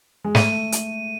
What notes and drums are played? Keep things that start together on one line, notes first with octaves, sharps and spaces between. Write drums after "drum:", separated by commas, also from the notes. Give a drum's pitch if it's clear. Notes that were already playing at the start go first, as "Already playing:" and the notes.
G#3
A3 D#7, drum: snare
drum: hi-hat